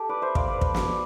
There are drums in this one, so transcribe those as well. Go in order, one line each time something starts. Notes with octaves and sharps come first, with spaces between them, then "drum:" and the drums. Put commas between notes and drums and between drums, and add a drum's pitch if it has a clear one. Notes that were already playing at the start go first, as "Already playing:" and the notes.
Already playing: G4 A4 A5
B4 D5
C5 E5
D5 F5, drum: kick
B4 D5
drum: kick
drum: snare